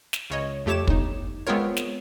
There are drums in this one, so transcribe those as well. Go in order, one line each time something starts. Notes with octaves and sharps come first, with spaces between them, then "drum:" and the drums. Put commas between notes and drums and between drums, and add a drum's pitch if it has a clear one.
drum: snare
C#2 C#5 D#5
F2 A3 G4 C#5 D6 E7
G1 D#4, drum: kick
G#3 B3 C4 F4 A#4 C#5
drum: snare